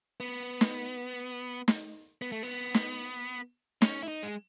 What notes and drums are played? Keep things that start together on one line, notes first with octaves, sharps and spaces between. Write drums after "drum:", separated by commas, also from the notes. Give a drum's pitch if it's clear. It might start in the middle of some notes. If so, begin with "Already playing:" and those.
B3
drum: snare
drum: snare
B3
A3
B3
drum: snare
C#4, drum: snare
E4
D#4
G#3